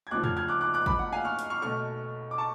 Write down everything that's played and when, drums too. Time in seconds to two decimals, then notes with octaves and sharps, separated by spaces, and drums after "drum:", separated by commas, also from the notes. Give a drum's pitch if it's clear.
0.07 G#6
0.11 D2 C#3 F3 D6 F#6
0.24 F6 G#6, drum: tom
0.36 F6 G#6
0.48 D6 F#6
0.61 D6 F#6
0.74 D6 F#6
0.86 B5 D6, drum: kick
0.99 F#5
1.12 F5 G#5
1.25 C#6 F6
1.39 drum: hi-hat
1.50 C#6 F6
1.62 B1 B2 A3 C#6 F6
2.31 D6
2.38 A5 C#6